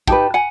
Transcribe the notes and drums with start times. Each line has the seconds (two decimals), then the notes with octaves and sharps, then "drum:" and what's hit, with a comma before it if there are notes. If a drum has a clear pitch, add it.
0.08 D#4 G4 B4 G5 A5, drum: kick
0.34 F#5 G#5